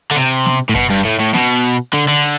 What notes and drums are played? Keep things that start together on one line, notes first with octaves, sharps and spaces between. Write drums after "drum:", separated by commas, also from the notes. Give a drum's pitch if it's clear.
D3
C3, drum: hi-hat
drum: snare B3
A2
B2, drum: kick F#2
G2
A2, drum: hi-hat
A2
B2, drum: snare B3
drum: hi-hat
D3, drum: hi-hat
D3
drum: hi-hat